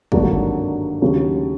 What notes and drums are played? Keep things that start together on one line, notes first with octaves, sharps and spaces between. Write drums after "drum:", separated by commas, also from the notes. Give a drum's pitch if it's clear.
G#1 G2 D3 F#3 A#3, drum: kick
D#2 C#3 F#3